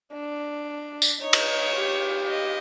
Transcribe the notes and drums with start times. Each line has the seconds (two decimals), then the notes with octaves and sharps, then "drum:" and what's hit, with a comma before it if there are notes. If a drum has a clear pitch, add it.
0.13 D4
1.02 drum: tambourine
1.21 D#4 C#5
1.33 drum: cymbal
1.76 G4
2.29 D#5